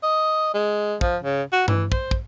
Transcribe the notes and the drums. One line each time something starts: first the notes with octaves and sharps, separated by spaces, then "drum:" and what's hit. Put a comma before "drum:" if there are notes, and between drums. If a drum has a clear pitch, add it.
D#5
G#3
F3, drum: kick
C#3
F#4
E3, drum: tom G2
C5, drum: kick
drum: kick